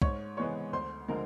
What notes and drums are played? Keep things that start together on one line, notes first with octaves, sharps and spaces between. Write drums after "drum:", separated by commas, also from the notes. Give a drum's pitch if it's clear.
G#2 C#5 C#6, drum: kick
E3 G#3 B3 C#5 C#6
D2 C5 C6
D3 F3 G#3 A#4 A#5